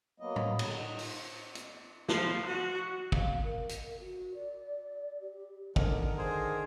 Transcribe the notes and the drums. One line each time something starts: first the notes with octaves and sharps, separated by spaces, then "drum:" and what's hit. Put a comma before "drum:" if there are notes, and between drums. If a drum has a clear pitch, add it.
F#3 A#3 B3 D#5
drum: tom
D3 G3, drum: cymbal
D#4
F4, drum: open hi-hat
drum: hi-hat
F3, drum: snare
F#4
F5, drum: kick
A#4
drum: hi-hat
F#4
D5
G4
D3 D#3 A#4, drum: kick
G#4 C5